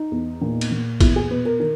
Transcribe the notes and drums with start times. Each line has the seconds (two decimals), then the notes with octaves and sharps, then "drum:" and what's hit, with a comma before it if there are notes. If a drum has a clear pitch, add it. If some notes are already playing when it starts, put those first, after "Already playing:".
Already playing: D#4
0.11 E2
0.41 A#2
0.61 drum: cymbal
0.71 A#2
1.01 E2 E4, drum: kick, cymbal
1.16 G#4
1.31 B2 B4
1.45 A#4
1.60 D#3 A#4